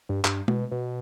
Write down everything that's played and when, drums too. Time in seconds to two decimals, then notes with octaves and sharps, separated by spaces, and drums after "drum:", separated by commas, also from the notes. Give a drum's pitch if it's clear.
0.09 G2
0.25 G2, drum: clap
0.48 B2, drum: tom G#3
0.72 B2